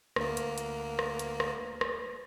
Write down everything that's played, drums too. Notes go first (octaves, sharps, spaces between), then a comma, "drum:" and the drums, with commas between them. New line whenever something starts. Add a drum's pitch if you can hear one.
D2 A#3, drum: rim click
drum: hi-hat
drum: hi-hat
drum: rim click
drum: hi-hat
drum: rim click
drum: rim click